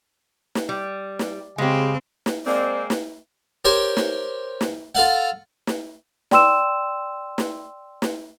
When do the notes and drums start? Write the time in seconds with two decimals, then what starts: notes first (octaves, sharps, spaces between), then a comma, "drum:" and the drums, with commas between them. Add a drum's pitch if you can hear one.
0.55 drum: snare
0.69 G3
1.19 drum: snare
1.58 C#3 G#3 C4 G4
2.26 drum: snare
2.46 G#3 A#3 C4 D5
2.90 drum: snare
3.65 G4 A#4 C5 C#5 C6
3.97 drum: snare
4.61 drum: snare
4.95 F4 A4 F5 F#5
5.67 drum: snare
6.31 D5 G5 C6 E6 E7, drum: snare
7.38 drum: snare
8.02 drum: snare